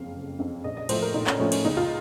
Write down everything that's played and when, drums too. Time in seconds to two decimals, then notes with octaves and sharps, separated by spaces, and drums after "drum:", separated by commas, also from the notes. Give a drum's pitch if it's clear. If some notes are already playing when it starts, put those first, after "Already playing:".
Already playing: F#1 F2 C#3 F5
0.14 F#1
0.39 F2 C#3
0.64 A#1 D#5
0.77 D#5
0.89 A2 F3 A3 C5, drum: cymbal
1.02 A#4
1.14 A#1 D#4
1.27 C#4, drum: clap
1.40 A2 F3 A3 C#4
1.52 C#4, drum: cymbal
1.65 C#2 D#4
1.77 F4